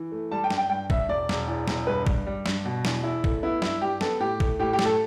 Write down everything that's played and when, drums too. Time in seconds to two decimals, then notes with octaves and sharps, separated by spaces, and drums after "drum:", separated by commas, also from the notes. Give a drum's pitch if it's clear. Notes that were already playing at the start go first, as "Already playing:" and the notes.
Already playing: E3
0.12 A3
0.32 G3 A5
0.44 G5
0.51 G2, drum: snare
0.58 G5
0.70 G2 G5
0.90 G2 E5, drum: kick A1
1.09 E1 D5
1.29 E1, drum: snare
1.48 E2
1.68 E1, drum: snare
1.87 G2 B4
2.07 G2, drum: kick A1
2.26 G3
2.46 G2, drum: snare
2.65 B2
2.85 E2, drum: snare
3.03 E2 E4
3.24 A3, drum: kick A1
3.43 B3 E4
3.62 G2 E4, drum: snare
3.82 G2 G4
4.01 B3 A4, drum: snare
4.20 A2 G4
4.40 A3, drum: kick A1
4.59 A2 G4
4.73 G4
4.79 A3, drum: snare
4.85 A4